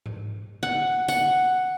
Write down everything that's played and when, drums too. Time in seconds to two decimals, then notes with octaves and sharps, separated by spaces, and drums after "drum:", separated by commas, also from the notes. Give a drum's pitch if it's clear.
0.06 drum: tom G#2
0.63 F#5
1.08 F#5, drum: tambourine